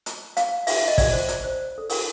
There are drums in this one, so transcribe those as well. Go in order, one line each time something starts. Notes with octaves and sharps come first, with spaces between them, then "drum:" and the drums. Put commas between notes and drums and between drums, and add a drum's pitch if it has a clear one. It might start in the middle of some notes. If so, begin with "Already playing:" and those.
drum: hi-hat
F5, drum: hi-hat
E5, drum: open hi-hat
E5
D#5
D5, drum: kick, open hi-hat
C5
D5, drum: hi-hat
C5
A4
A#4, drum: open hi-hat